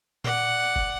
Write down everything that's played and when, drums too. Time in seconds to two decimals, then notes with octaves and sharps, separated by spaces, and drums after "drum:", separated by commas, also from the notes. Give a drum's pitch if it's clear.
0.24 D5 F#5, drum: tom A#2
0.76 drum: kick F#1